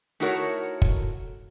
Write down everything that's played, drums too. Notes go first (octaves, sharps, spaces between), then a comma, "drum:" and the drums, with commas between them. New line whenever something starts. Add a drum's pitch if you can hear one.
A3 D#4 E4 F#4 A#4 C#5
drum: kick